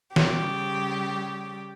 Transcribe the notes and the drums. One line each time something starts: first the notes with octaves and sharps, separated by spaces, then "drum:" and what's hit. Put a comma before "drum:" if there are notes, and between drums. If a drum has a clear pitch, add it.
C#3 G3 G4, drum: snare